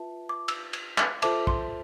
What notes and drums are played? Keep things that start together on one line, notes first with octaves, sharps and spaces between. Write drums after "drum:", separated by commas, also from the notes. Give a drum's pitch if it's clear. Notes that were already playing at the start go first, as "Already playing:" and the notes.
Already playing: F4 B4 E5 A5
D6
E6, drum: cymbal
drum: cymbal
drum: clap
F4 A4 C5 E5 A5 D6, drum: cymbal
C6, drum: kick